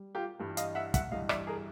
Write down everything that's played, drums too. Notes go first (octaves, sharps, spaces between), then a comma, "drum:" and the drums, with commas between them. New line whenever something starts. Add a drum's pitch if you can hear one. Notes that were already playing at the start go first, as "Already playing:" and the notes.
Already playing: G3
F4 G4
G2 E3 G3
D#5 F5, drum: hi-hat
E5 F#5
E5 F#5, drum: kick, hi-hat
G2 E3 G3 D#5 F5
D5 E5, drum: rim click
G#4 A#4